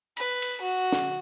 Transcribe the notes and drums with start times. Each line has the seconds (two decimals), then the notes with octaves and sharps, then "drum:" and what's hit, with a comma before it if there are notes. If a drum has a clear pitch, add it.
0.17 B4, drum: cymbal
0.42 drum: cymbal
0.61 F#4
0.92 drum: snare